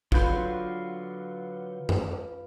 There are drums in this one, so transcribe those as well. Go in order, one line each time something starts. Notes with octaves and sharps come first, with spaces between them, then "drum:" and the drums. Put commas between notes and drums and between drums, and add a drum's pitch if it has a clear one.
D3 F#3 F4 B4 C6 G6, drum: kick
drum: tom F#2